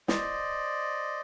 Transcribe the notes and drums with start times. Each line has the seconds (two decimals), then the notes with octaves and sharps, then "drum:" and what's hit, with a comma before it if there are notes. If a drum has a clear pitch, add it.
0.08 C5 D5 D#5, drum: snare